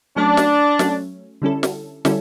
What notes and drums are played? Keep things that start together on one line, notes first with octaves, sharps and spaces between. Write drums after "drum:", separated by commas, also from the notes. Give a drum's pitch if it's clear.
F#3 A3 C#4 D4
drum: snare
F#3 A3 C#4, drum: snare
D3 G3 C#4 E4 A4
drum: snare
D3 G3 C#4 E4 A4, drum: snare